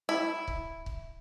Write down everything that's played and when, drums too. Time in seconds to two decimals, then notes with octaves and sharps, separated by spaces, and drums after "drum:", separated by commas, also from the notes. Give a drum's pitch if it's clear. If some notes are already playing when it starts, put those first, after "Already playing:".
0.09 E4
0.48 drum: kick C#1
0.86 drum: kick C#1